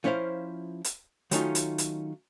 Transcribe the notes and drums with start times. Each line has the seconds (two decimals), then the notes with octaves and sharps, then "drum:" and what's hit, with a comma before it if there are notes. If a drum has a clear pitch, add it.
0.04 F3 C#4 E4 C5 F5
0.84 drum: hi-hat
1.31 D#3 F#3 A3 C#4 D#4 F4, drum: hi-hat
1.55 drum: hi-hat
1.78 drum: hi-hat